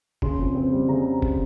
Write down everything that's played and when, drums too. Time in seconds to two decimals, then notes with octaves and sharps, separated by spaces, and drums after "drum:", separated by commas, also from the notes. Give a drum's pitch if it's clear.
0.22 C#3 C6, drum: kick
0.39 F2
0.55 C4
0.72 G3
0.89 C#3 A#5
1.22 drum: kick